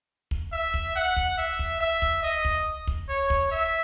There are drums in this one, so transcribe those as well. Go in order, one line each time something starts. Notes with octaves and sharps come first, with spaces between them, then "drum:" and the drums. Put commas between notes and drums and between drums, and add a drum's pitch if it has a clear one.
drum: kick
E5
drum: kick
F#5
drum: kick
E5
drum: kick
E5
drum: kick
D#5
drum: kick
drum: kick
C#5
drum: kick
E5